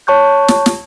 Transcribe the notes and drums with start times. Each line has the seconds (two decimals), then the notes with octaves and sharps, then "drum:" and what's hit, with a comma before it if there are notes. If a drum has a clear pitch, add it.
0.07 C#5 A5 C#6 F#6 G6
0.48 drum: snare
0.66 drum: snare